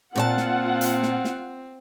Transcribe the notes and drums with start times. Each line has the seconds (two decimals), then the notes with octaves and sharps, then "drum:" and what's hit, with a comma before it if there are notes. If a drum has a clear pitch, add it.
0.16 A#2 C4 F4 C#5 F#5 A5
0.37 drum: snare
0.81 drum: hi-hat
1.03 drum: snare
1.25 drum: snare